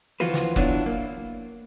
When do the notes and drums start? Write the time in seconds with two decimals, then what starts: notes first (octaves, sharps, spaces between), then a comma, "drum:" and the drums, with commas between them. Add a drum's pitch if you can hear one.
0.20 D2 E3 F3 F4 F#4 B4
0.34 drum: snare
0.56 F#3 B3 D4 E4 F4, drum: kick F1
0.86 A#3